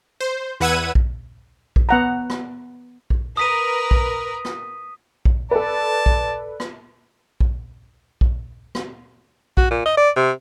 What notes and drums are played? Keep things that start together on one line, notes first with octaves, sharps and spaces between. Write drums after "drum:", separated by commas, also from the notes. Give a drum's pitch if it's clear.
C5
E2 B4 F#5 E6 G#6 D#7
drum: kick A#1
drum: kick A#1
B3 F#5 A#5
drum: rim click
drum: kick A#1
A#4 B4 D#6 B6 D#7
drum: kick A#1
drum: rim click
drum: kick A#1
A4 B4 D5 A5
drum: kick A#1
drum: rim click
drum: kick A#1
drum: kick A#1
drum: rim click
F#4, drum: kick A#1
A#2
D#5
D5
C3